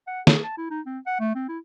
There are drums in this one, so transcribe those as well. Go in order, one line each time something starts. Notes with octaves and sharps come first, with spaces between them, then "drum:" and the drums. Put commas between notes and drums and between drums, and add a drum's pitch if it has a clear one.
F#5
G#4, drum: snare
A5
E4
D#4
C4
F#5
A3
C4
E4